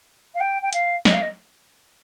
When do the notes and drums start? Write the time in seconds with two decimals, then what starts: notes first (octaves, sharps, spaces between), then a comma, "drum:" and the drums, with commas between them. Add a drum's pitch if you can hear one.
0.34 F5
0.40 G5
0.62 G5
0.73 F5, drum: hi-hat
1.05 D#5, drum: snare
1.13 F5
1.21 D#5